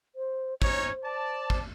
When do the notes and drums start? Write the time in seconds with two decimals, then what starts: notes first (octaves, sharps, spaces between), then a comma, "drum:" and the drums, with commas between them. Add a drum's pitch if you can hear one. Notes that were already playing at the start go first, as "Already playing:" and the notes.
0.16 C5
0.62 C#4 D#4 C5 C#5, drum: kick
1.04 D5 A5
1.50 drum: kick